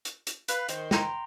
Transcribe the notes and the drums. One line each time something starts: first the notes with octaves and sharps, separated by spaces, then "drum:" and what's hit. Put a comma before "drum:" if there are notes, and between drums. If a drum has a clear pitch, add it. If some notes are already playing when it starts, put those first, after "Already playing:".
drum: hi-hat
drum: hi-hat
B4 F5, drum: hi-hat
D#3 C5, drum: hi-hat
G5 A#5 C6, drum: snare